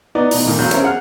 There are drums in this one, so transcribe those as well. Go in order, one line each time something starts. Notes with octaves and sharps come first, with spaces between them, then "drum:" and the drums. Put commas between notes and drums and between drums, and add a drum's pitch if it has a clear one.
B3 D#4 D5
B2 D#4, drum: open hi-hat
D#1 A#2 D#3
E1 F#3 G6
C#4 E4 A#4 C5, drum: hi-hat
G#4 F#5 F6